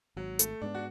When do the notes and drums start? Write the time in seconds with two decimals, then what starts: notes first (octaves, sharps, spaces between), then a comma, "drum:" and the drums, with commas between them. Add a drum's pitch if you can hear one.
0.16 G#1 F#3
0.39 A3, drum: hi-hat
0.61 G#2 G#3 B3 D4
0.75 F#4